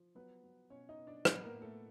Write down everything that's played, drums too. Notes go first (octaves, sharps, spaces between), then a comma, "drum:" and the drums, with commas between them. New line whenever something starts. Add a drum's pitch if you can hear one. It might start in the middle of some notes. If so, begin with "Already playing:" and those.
Already playing: F3
F#3 B3 B4
F#3
B2 C#4 C#5
D#4 D#5
B2
D4 D5
A2 B3 B4, drum: rim click
A#3 A#4
A2
A3 A4